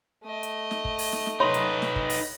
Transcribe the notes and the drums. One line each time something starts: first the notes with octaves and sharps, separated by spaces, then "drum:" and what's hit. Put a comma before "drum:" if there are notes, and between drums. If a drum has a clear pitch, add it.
A3 D#5
drum: hi-hat
drum: snare
drum: kick
drum: open hi-hat
drum: snare
drum: snare
D#4 B4 C#5 B5 C6
drum: hi-hat
drum: snare
drum: kick
drum: open hi-hat